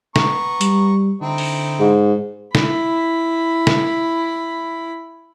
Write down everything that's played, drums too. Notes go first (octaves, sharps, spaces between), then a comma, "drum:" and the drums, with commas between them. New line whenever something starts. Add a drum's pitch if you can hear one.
B3 A#5 C#6, drum: snare
G3, drum: hi-hat
D3 C4 D#4 E4
drum: open hi-hat
G#2
E4 B5, drum: snare
drum: snare